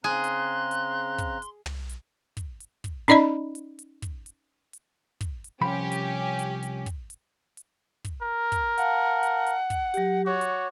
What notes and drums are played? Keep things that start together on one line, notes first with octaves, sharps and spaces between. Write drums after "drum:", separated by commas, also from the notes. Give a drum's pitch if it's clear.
C#3 C4 G#4 A#5 C6 F#6
drum: hi-hat
drum: hi-hat
drum: kick, hi-hat
drum: hi-hat
drum: tom
drum: hi-hat
drum: kick, hi-hat
drum: hi-hat
drum: kick, hi-hat
C#4 D#4 D5 D#5 B5, drum: hi-hat
drum: hi-hat
drum: hi-hat
drum: kick, hi-hat
drum: hi-hat
drum: hi-hat
drum: kick, hi-hat
drum: hi-hat
C2 F3 C#4 G4 B5
drum: hi-hat
drum: hi-hat
drum: hi-hat
drum: kick, hi-hat
drum: hi-hat
drum: hi-hat
drum: kick, hi-hat
A#4
drum: kick, hi-hat
F5 F#5 A5, drum: hi-hat
drum: hi-hat
drum: hi-hat
drum: kick, hi-hat
F#3 G4, drum: hi-hat
F#4 C#5 D6
drum: hi-hat